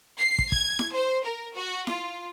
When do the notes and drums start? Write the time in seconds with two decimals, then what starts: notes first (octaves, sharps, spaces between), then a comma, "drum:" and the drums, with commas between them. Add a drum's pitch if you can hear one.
0.18 C7
0.39 drum: kick
0.52 G#6, drum: kick
0.79 drum: snare E4
0.94 C5
1.24 A#4
1.55 F#4
1.87 F4, drum: snare E4